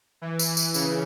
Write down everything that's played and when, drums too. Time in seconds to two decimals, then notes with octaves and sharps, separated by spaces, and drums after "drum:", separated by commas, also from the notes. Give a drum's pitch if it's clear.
0.22 E3
0.39 drum: tambourine
0.57 drum: tambourine
0.74 C#3, drum: tambourine